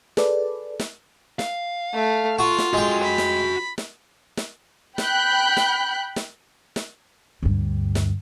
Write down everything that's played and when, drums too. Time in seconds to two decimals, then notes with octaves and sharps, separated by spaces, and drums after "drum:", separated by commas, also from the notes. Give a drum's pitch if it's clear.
0.17 G#4 A4 B4 D5, drum: snare
0.79 drum: snare
1.39 F5, drum: snare
1.94 A3
2.39 F4 F#4
2.58 drum: snare
2.73 G#3 F#4 G5 G#5
3.03 B5
3.18 drum: snare
3.78 drum: snare
4.37 drum: snare
4.98 G5 B5 F#6 G6, drum: snare
5.57 drum: snare
6.16 drum: snare
6.76 drum: snare
7.43 D2 G2
7.95 drum: snare